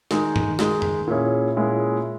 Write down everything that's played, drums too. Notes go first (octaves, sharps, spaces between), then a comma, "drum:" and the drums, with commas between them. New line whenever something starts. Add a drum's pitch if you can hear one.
D#3 G#3 D#4 G#4, drum: snare
drum: tom G2
D#3 G#3 D#4 G#4, drum: snare
drum: tom F2
A#2 G#3 C#4 E4 G#4
A#2 G#3 C#4 E4 G#4